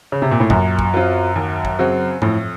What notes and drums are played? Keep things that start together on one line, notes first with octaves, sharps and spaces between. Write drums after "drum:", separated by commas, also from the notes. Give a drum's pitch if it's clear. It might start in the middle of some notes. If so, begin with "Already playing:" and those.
C#3
C3
A#2
A2
F#2 A#2, drum: kick
drum: kick
F#3 C4 F4
D#2
drum: kick
C#3 F#3 C4 F#4
F2 A2, drum: tom G2